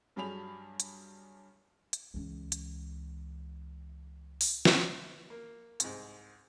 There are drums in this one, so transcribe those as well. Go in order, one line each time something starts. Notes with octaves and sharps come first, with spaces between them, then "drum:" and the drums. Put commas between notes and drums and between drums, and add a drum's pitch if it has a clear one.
G2 F#3 G3 G#4 B5 F7
drum: hi-hat
drum: hi-hat
C#2 E3
drum: hi-hat
drum: open hi-hat
drum: snare
A#3
C2 G#2, drum: hi-hat